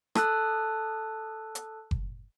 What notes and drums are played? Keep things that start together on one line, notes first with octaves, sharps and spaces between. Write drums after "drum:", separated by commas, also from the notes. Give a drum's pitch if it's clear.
A4 A5 E6 F#6, drum: rim click
drum: hi-hat
drum: kick F#1